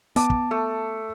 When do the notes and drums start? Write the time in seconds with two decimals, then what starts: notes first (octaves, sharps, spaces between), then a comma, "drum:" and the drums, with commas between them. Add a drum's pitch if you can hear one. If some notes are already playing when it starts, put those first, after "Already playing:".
0.16 B3 A5 D6, drum: hi-hat
0.30 drum: kick
0.51 A3